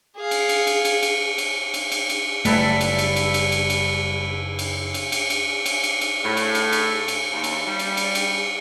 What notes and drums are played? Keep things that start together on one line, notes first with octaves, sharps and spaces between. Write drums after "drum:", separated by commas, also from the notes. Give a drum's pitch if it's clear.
G#4 F5
drum: cymbal
drum: cymbal
drum: cymbal
drum: cymbal
drum: cymbal
drum: cymbal
drum: cymbal
drum: cymbal
drum: cymbal
F#1 G3 A3 E4 A4 B4, drum: cymbal
drum: cymbal
drum: cymbal
drum: cymbal
drum: cymbal
drum: cymbal
drum: cymbal
drum: cymbal
drum: cymbal
drum: cymbal
drum: cymbal
drum: cymbal
drum: cymbal
drum: cymbal
A2
drum: cymbal
drum: cymbal
drum: cymbal
drum: cymbal
D#2
drum: cymbal
G3
drum: cymbal
drum: cymbal
drum: cymbal